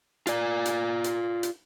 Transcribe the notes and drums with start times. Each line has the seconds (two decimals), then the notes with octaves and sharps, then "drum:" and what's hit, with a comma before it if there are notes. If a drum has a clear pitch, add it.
0.27 F4 D5, drum: hi-hat
0.65 drum: hi-hat
1.04 drum: hi-hat
1.43 drum: hi-hat